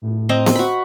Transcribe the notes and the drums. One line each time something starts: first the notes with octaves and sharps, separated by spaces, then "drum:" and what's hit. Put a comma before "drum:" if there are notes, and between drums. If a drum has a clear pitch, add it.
A2
C4 D#5 A#5
drum: snare B3
F#4 B5